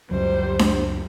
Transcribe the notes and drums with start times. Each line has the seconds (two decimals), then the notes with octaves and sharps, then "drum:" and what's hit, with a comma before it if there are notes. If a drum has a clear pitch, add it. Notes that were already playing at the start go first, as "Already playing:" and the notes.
0.11 C#2 F#2 F#3 G3 C5
0.59 drum: snare D4